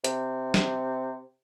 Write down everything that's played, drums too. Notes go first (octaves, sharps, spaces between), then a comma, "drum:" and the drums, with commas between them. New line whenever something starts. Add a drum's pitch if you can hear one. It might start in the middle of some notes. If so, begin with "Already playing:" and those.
C3, drum: hi-hat
drum: snare